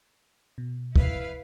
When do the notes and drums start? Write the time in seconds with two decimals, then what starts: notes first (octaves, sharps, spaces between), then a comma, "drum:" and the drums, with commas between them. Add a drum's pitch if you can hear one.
0.58 B2
0.96 E4 B4 F5, drum: kick